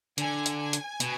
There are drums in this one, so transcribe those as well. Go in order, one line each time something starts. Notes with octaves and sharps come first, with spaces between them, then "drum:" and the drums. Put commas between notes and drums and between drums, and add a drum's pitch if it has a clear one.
D3 G#5, drum: hi-hat
drum: hi-hat
G#5
drum: hi-hat
B2, drum: hi-hat